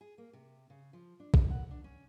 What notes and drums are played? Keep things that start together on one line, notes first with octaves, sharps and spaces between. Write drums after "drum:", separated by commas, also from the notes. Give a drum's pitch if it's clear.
G#4
A#3
C3
C#3
F3
D4
D3, drum: kick
F#5
D4
C#4